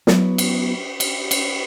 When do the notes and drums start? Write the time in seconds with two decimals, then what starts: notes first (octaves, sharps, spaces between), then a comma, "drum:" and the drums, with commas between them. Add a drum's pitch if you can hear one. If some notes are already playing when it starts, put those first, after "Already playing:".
0.07 F#3 B3 E4, drum: snare
0.38 drum: cymbal
1.00 drum: cymbal
1.31 drum: cymbal